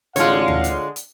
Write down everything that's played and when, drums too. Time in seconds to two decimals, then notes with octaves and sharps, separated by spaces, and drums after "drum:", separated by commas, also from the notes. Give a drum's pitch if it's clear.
0.16 A1 D3 G#3 F4 C#5 F5, drum: hi-hat
0.48 drum: tom D#2
0.64 drum: hi-hat
0.96 drum: hi-hat